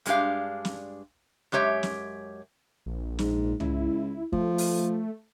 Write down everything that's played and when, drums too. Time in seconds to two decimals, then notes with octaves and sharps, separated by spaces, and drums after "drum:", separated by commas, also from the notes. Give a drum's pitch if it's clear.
0.06 G2 G#3 D4 G4 F5, drum: hi-hat
0.65 drum: snare
1.52 F#2 G#3 G4 C#5 E5
1.83 drum: snare
2.86 A#1
3.19 G#2, drum: snare
3.60 C#2 E4, drum: tom
4.33 F3 A3, drum: kick
4.58 drum: open hi-hat